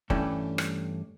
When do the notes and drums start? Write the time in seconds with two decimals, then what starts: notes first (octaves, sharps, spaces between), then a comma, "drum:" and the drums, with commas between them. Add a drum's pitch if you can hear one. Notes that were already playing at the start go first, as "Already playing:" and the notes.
0.10 G2 E3 G3 A3 C#4 D4, drum: kick F#1
0.58 drum: rim click